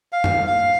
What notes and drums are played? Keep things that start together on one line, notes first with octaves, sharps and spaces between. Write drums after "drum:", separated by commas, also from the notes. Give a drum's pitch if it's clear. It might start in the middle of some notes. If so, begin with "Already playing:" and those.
F5
drum: tom F#2
F5